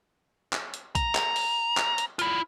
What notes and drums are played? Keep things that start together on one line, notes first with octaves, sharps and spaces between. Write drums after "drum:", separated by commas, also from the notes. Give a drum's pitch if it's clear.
drum: clap
drum: hi-hat
A#5, drum: kick B1, hi-hat
drum: clap
drum: open hi-hat
drum: clap
drum: hi-hat
E4 F4, drum: hi-hat